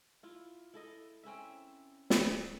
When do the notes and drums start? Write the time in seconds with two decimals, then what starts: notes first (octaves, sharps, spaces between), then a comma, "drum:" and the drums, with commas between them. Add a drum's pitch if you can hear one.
0.23 E4 F4
0.74 E4 A4 D#5
1.23 C4 C#4 E4 E5
2.10 drum: snare